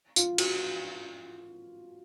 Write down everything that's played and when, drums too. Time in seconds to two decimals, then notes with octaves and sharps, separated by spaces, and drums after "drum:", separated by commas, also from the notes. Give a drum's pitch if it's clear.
0.16 F4, drum: tambourine
0.38 F#4, drum: cymbal